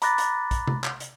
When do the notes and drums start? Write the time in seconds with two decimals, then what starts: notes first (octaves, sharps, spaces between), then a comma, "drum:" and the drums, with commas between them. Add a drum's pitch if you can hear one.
0.02 A#5 B5 D6 F#6 A6 A#6, drum: hi-hat
0.18 drum: hi-hat
0.51 drum: kick A#1, hi-hat
0.67 drum: tom C3
0.84 drum: clap
1.00 drum: hi-hat